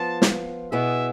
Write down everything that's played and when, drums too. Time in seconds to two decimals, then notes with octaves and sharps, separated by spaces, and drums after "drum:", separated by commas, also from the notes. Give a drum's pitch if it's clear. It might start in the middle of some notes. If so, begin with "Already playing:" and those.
Already playing: F3 B3 F4 A5
0.22 drum: snare
0.72 B2 B3 E4 G#4 E5